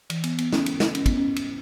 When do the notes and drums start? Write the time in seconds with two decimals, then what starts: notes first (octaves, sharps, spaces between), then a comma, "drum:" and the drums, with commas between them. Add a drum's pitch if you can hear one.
0.10 E3, drum: cymbal
0.24 B3, drum: cymbal
0.38 B3, drum: cymbal
0.53 C#4, drum: snare
0.66 drum: cymbal
0.80 drum: snare
0.95 C#4, drum: cymbal
1.06 B3, drum: kick, cymbal
1.17 C#4
1.36 drum: cymbal